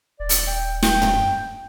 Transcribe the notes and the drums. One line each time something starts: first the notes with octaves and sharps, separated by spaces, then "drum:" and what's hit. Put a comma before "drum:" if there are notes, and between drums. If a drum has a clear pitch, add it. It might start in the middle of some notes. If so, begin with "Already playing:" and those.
D#1 D5
drum: hi-hat
G5
G5, drum: snare
drum: tom